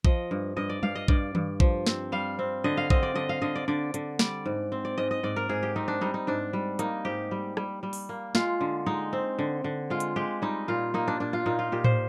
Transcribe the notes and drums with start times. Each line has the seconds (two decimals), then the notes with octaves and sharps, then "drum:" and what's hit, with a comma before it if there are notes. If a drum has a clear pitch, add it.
0.05 F3 D#5, drum: kick
0.31 G2
0.57 G2 D#5
0.70 D5
0.83 G2 F5, drum: tom G3
0.95 D#5
1.08 G2 D5, drum: kick
1.35 G2, drum: tom D#3
1.60 F3, drum: kick
1.87 C4, drum: snare
2.12 G3 F5
2.39 C4
2.64 D3 D#5
2.77 F5
2.90 C4 D#5, drum: kick
3.03 D5
3.15 D3 D#5
3.29 F5
3.42 D3 D#5
3.56 D5
3.68 D3 D5
3.94 D3, drum: hi-hat
4.19 G3 D5, drum: snare
4.46 G#2
4.72 C4
4.85 D5
4.98 G#2 D#5
5.11 D#5
5.23 G#2 D5
5.36 A#4
5.49 G#2 G#4
5.63 G4
5.76 C4 D#4
5.88 D4
6.01 G3 D#4
6.14 D#4
6.27 G#2 D4
6.53 G3
6.79 A#3 D#4, drum: hi-hat
7.05 G#2 G4
7.31 G3
7.57 G3, drum: rim click
7.83 G3
7.93 drum: open hi-hat
8.09 A#3
8.35 G#3 F4, drum: snare
8.61 D3
8.86 G#3 D#4
9.13 C4
9.39 D3
9.64 D3
9.90 G#3 F4
10.00 drum: hi-hat
10.16 G#3 G4
10.42 G3 D#4
10.68 A#2 F4
10.94 A#3 D#4
11.08 D4
11.20 A#2 D4
11.33 F4
11.46 A#2 D#4
11.59 F4
11.72 A#2 G4
11.84 C5, drum: tom A2